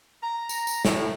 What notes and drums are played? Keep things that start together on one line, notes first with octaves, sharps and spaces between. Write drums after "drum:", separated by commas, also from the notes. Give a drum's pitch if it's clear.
A#5
drum: tambourine
drum: tambourine
A2, drum: snare